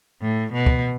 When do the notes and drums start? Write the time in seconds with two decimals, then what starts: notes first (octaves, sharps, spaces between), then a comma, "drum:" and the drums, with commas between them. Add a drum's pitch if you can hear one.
0.22 A2
0.53 B2
0.66 drum: kick